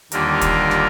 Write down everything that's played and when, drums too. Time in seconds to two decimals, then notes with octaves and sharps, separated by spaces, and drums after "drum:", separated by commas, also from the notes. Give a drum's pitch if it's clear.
0.12 D#2 D3 G3 A#3 F4 A#4, drum: hi-hat
0.41 drum: kick, hi-hat
0.71 drum: snare